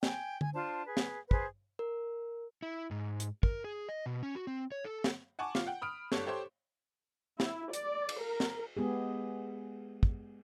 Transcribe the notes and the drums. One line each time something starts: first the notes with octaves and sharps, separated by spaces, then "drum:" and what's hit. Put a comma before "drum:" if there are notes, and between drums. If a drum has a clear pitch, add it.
G5 G#5, drum: snare
G#5, drum: tom
D4 F4 C5 A5
G#4 B4
drum: snare
G#4 B4 C5, drum: kick
A#4
E4
G#2
drum: hi-hat
A#4, drum: kick
G#4
D#5
B2
C#4
F#4
C4
C#5
A4
drum: snare
F#5 G#5 A5 C#6 D6
F4, drum: snare
F#5 G5
B5 D#6 F6 D7
G1 G3 A4 C#5, drum: snare
G4 A4 C5 C#5 C6
E4, drum: snare
D5, drum: hi-hat
drum: cymbal
A#4
drum: snare
G#3 B3 G4 G#4
drum: kick